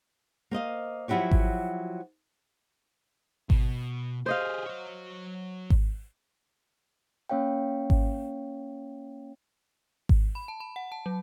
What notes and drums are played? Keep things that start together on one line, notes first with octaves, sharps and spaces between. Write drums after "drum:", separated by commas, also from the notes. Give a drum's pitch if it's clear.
A#3 C5 D#5 F5
F3 F#3 E4 F#4 G4 C#5
drum: kick G#1
B2, drum: kick G#1
G4 G#4 C5 D#5 F5
F#3 C#5
drum: kick G#1
A#3 C#4 C#5 F5 G5
drum: kick G#1
drum: kick G#1
B5
A5
B5
F#5
A5
F#3